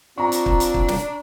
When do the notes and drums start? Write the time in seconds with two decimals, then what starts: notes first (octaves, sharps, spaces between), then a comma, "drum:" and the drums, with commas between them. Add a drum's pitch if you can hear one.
0.18 C4 D4 F4 A#5 C#6
0.32 drum: hi-hat
0.46 drum: kick
0.60 drum: hi-hat
0.74 drum: kick
0.88 drum: snare